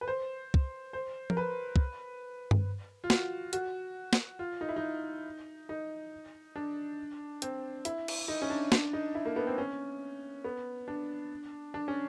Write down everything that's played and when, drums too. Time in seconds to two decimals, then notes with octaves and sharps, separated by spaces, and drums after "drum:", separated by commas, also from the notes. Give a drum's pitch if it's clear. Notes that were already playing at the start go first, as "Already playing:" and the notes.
0.01 B4
0.08 C5
0.54 drum: kick
0.93 C5
1.30 A#4, drum: tom F3
1.37 B4
1.76 drum: kick
2.51 drum: tom G2
3.04 F4
3.10 F#4, drum: snare
3.53 F#4, drum: hi-hat
4.13 drum: snare
4.39 F4
4.61 D#4
4.69 E4
4.76 D#4
5.69 D#4
6.56 D4
7.42 C4, drum: hi-hat
7.85 E4, drum: hi-hat
8.08 drum: cymbal
8.28 D#4
8.42 C#4
8.50 D4
8.72 D4, drum: snare
8.93 D#4
9.15 E4
9.25 A#3
9.36 B3
9.47 C4
9.58 C#4
10.44 B3
10.88 D4
11.74 D4
11.88 C#4